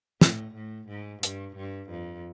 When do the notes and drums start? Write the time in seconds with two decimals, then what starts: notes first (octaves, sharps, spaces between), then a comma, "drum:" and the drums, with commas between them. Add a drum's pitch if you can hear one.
0.21 A2, drum: snare
0.55 A2
0.89 G#2
1.23 G2, drum: hi-hat
1.56 G2
1.90 F2